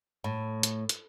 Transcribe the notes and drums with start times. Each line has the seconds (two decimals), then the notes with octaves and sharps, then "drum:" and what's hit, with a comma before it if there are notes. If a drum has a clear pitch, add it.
0.24 A2
0.63 drum: hi-hat
0.89 drum: hi-hat